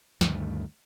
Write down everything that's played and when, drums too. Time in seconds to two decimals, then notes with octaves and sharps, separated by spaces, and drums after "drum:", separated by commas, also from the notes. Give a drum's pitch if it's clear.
0.21 D2 G2 D#3 A3, drum: snare